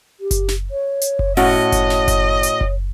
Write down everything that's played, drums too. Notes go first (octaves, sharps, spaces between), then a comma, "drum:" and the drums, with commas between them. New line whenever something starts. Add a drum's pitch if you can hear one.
G4
drum: kick F#1, hi-hat
drum: snare
C#5
drum: hi-hat
drum: kick F#1
A2 C#4 F#4 C#5 D#5, drum: open hi-hat
drum: kick F#1, hi-hat
drum: snare
drum: kick F#1, hi-hat
drum: hi-hat
drum: kick F#1